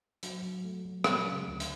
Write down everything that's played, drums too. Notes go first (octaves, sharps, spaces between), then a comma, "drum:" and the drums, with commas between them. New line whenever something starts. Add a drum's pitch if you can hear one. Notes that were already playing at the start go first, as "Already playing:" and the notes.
F#3, drum: hi-hat
F#3
A3
F#3
F#3, drum: rim click
C#3
D2
drum: hi-hat